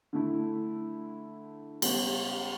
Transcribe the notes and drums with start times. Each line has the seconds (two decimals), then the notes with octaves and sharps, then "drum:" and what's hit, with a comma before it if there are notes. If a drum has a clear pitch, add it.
0.13 D3 A3 E4
1.82 C#2 C#3 G3 B3, drum: cymbal